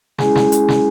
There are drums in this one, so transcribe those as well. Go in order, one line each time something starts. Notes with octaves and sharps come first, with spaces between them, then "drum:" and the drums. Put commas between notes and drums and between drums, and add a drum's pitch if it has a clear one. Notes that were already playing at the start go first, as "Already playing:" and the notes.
G#3 C#4 E4 G#4 G#5, drum: snare
drum: snare
drum: hi-hat
drum: snare